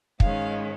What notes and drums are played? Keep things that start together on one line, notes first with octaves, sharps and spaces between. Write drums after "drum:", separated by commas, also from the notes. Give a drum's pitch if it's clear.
G#2 D#3 G#3 C#4 F5, drum: kick